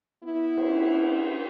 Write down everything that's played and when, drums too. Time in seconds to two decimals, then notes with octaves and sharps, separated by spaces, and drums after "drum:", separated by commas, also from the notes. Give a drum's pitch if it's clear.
0.23 B3 E4
0.57 drum: cymbal